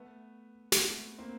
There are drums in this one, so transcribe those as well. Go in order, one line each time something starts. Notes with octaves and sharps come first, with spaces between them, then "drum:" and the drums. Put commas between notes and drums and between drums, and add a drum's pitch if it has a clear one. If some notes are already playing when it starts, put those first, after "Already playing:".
Already playing: A3 B3
C4, drum: snare
A3 B3
A#3 C4